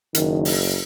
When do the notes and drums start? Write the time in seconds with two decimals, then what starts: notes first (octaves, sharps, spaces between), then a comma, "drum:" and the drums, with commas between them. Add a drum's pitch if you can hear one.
0.15 F#1 D#3, drum: hi-hat
0.45 drum: open hi-hat